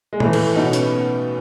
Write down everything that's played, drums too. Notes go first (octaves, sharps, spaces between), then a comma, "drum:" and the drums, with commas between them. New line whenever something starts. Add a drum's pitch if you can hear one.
G#3
A2 E3 A3, drum: tom A#2
A3, drum: cymbal
B2 D#4
C#4
B3, drum: hi-hat